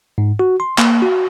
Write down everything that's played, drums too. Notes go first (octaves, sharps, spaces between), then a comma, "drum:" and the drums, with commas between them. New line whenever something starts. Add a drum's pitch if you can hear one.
G#2
F#4
C6
A#3, drum: clap
F#4